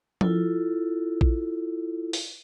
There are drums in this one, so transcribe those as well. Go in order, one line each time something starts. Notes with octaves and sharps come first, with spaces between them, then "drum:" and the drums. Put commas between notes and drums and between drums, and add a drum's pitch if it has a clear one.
E4 F4 A4, drum: tom F3
drum: kick
drum: open hi-hat